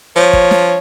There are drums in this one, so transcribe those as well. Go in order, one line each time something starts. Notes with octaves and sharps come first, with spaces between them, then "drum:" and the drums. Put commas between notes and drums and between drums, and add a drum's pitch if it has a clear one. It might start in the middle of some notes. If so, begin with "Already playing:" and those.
F3 C#5
drum: kick
drum: snare